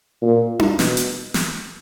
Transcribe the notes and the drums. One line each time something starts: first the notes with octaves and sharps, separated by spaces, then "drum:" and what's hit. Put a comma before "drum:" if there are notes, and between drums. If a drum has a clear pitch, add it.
A#2
drum: tom D4
B2, drum: snare
drum: hi-hat
drum: snare